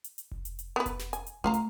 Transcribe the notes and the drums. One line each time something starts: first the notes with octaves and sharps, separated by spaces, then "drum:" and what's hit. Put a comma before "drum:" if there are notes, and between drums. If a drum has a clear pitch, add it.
drum: hi-hat
drum: hi-hat
drum: kick F1
drum: hi-hat
drum: hi-hat
B3 B4
drum: kick F1, hi-hat
drum: snare
G#5, drum: hi-hat
drum: hi-hat
A3 F4 F5 A#5
drum: hi-hat